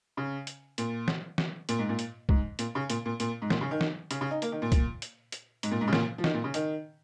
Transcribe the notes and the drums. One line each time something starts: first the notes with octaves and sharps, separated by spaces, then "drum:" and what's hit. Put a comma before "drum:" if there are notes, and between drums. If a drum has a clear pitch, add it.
C#3
drum: hi-hat
A#2, drum: hi-hat
drum: snare
drum: snare
A#2, drum: hi-hat
G#2
A#2
drum: hi-hat
G#2, drum: kick
A#2, drum: hi-hat
C#3
A#2, drum: hi-hat
A#2
A#2, drum: hi-hat
G#2
A#2, drum: snare
C#3
D#3
drum: snare
C#3, drum: hi-hat
C#3
D#4
A#3, drum: hi-hat
D#3
A#2
drum: kick, hi-hat
drum: hi-hat
drum: hi-hat
G#2, drum: hi-hat
A#2
G#2
C#3
A#2, drum: snare
F3
D#3, drum: snare
A#2
C#3
D#3, drum: hi-hat